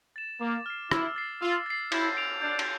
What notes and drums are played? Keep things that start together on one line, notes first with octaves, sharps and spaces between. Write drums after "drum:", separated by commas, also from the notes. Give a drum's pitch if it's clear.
A6 E7
A#3 D6
F6 C7
E4 E6, drum: rim click
A6 C7
F4 E6
A6 C7
E4 G6, drum: cymbal
D7 F7
D4 G6
drum: cymbal